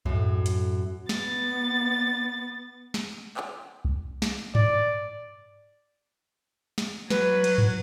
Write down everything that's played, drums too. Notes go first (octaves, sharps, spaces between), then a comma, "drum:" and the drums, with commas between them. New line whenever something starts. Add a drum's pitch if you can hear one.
F#2 A2, drum: kick C2
drum: hi-hat
B3 A6, drum: snare
drum: snare
drum: clap
drum: kick C2
drum: snare
D5, drum: tom G2
drum: snare
F#3 B4, drum: snare
drum: cymbal
drum: tom G2